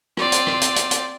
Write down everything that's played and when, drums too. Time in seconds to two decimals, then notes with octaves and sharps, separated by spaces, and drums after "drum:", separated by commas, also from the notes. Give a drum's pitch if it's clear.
0.17 C4 F4 D5, drum: rim click
0.32 drum: hi-hat
0.47 drum: rim click
0.62 drum: hi-hat
0.76 drum: hi-hat
0.91 drum: hi-hat